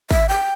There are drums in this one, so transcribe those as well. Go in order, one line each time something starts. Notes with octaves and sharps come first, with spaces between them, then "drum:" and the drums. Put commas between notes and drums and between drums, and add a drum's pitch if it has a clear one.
E5, drum: kick
G5